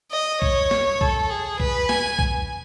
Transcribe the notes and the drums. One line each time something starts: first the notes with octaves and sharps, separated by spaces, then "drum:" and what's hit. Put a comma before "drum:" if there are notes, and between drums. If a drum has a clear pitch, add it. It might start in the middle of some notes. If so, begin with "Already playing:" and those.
D#5
C#5, drum: kick B1
drum: snare
A4, drum: kick B1
G#4
B4, drum: kick B1
G#5, drum: snare
drum: kick B1